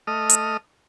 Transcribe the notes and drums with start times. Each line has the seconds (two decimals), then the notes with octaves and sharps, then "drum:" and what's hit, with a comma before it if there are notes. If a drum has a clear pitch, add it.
0.07 A3 D#5 D#6 F6
0.29 drum: hi-hat